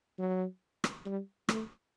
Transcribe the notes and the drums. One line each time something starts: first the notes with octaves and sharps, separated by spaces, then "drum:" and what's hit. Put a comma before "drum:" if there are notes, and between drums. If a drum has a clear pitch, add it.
F#3
drum: rim click
G3
A3, drum: rim click